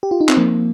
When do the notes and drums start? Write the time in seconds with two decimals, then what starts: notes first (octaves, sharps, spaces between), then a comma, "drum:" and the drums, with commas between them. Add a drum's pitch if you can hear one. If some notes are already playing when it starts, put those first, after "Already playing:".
0.03 G4
0.11 F4
0.21 D#4
0.29 C4, drum: clap
0.37 F3 A#3